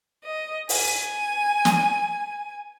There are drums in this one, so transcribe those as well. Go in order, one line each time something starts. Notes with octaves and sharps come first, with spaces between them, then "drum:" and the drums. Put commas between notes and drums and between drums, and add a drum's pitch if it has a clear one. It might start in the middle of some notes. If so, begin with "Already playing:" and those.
D#5
G#5, drum: open hi-hat
drum: snare